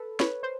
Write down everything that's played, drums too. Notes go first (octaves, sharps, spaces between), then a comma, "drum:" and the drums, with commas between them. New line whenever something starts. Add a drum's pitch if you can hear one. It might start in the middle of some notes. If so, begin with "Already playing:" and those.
Already playing: A4 B4
B4 C#5, drum: snare
C5